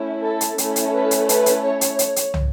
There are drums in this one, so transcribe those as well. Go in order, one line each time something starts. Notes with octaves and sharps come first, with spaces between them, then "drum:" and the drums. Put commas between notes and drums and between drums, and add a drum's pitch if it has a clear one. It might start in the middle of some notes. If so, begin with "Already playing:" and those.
Already playing: A3 C#4 E4
A4
drum: hi-hat
A3 C#4 E4 A4, drum: hi-hat
drum: hi-hat
B4
drum: hi-hat
B4, drum: hi-hat
drum: hi-hat
C#5
drum: hi-hat
drum: hi-hat
drum: hi-hat
drum: tom